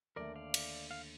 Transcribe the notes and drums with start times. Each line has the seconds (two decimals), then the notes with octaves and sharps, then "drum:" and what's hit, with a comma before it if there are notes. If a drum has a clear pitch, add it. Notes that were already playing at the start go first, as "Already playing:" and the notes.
0.16 D#2 D3 A3 A#4 D5
0.36 D5 F5
0.54 drum: cymbal
0.91 F5